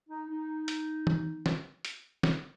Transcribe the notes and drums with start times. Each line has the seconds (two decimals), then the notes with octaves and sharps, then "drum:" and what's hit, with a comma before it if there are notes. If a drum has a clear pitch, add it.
0.10 D#4
0.29 D#4
0.68 drum: hi-hat
1.07 drum: tom
1.46 drum: snare
1.85 drum: hi-hat
2.23 drum: snare